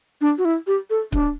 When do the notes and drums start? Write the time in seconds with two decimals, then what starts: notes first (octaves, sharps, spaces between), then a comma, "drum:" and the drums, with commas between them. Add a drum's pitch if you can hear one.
0.21 D4
0.38 F#4
0.45 E4
0.67 G4
0.90 A4
1.12 D4, drum: kick C#1